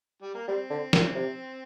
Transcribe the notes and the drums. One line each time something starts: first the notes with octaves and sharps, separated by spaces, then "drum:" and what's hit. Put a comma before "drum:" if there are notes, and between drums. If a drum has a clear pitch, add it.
G3
A#3
G3 C4
D3
A#2, drum: snare
C3